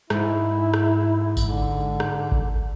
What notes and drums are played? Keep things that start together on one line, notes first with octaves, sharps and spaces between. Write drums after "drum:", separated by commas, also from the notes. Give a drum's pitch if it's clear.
G#2 E4, drum: rim click
drum: rim click
drum: kick G#1, tambourine
D3
drum: rim click
drum: kick G#1